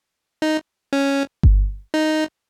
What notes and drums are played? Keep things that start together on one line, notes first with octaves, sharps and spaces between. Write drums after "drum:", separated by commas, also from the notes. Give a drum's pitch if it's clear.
D#4
C#4
drum: kick G1
D#4